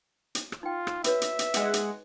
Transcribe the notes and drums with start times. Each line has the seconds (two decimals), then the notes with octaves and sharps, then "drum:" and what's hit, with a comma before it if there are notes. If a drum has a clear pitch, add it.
0.35 drum: hi-hat
0.52 drum: rim click
0.63 D#4 F4 G5
0.87 drum: rim click
1.04 F#4 B4 C#5 E5, drum: hi-hat
1.22 drum: hi-hat
1.39 drum: hi-hat
1.54 G#3 D#4 G#4 F#5, drum: hi-hat
1.74 drum: hi-hat